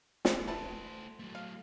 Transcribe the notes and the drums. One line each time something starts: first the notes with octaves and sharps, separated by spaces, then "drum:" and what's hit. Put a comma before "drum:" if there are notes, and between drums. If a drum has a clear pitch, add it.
drum: snare
A3 E4 B4 C5 A5
F#3 A3
F5